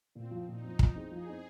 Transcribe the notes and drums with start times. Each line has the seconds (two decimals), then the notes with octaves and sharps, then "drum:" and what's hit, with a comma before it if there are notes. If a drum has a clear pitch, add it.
0.15 A#2 C4
0.31 F3 C4
0.48 A#2 D#4
0.63 F3 C4
0.79 F3 D#4, drum: kick
0.95 C4 D#4 G#4
1.11 F3 G#4
1.27 C4 D#4 G#4